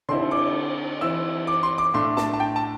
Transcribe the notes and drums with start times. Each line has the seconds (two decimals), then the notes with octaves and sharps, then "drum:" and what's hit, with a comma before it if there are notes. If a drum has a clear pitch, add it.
0.09 D3 C4 E4 C6, drum: cymbal
0.31 D6
1.01 E3 C4 E4 E6
1.47 D6
1.63 C6
1.78 D6
1.94 A2 A3 D4 C6
2.17 A5, drum: snare
2.33 A5
2.40 G5
2.56 A5